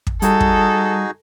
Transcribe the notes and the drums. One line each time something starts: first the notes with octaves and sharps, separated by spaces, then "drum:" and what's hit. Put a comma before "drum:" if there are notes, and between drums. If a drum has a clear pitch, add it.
drum: kick
G3 D#4 F#4 G#4 A4, drum: hi-hat
drum: kick